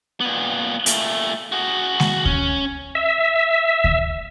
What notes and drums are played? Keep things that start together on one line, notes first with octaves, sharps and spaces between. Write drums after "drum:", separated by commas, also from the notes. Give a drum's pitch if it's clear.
A#2 B3
A#2 A3, drum: hi-hat
F#4 G#4
drum: snare G#3
C#4, drum: kick D2
E5
drum: kick D2